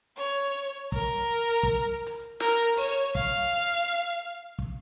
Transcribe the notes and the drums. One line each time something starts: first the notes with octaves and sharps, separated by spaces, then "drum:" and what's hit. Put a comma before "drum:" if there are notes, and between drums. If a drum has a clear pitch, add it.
C#5
A#4, drum: kick
drum: kick
drum: hi-hat
A#4, drum: snare
C#5, drum: open hi-hat
F5, drum: kick
drum: kick